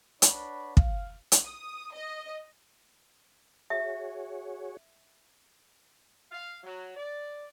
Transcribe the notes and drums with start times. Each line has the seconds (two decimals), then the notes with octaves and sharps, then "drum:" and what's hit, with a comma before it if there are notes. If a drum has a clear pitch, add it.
0.22 D4 B4 C#5 F#5 B5, drum: hi-hat
0.77 F5, drum: kick
1.32 drum: hi-hat
1.44 D#6
1.93 D#5
3.70 F#4 G#4 C#5 E5
6.31 F5
6.63 F#3
6.96 D5